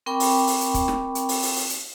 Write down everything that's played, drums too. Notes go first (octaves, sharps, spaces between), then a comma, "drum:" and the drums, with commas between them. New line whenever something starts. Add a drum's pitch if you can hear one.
C4 A#4 G5 B5 C#6 D6
drum: open hi-hat
drum: open hi-hat
drum: hi-hat
drum: kick, hi-hat
drum: snare
drum: hi-hat
drum: open hi-hat
drum: open hi-hat
drum: open hi-hat
drum: hi-hat